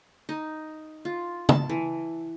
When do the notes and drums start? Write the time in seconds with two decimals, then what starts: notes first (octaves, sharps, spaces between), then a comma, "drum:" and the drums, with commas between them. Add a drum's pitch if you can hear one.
0.29 D#4
1.05 F4
1.49 A5, drum: tom
1.69 E3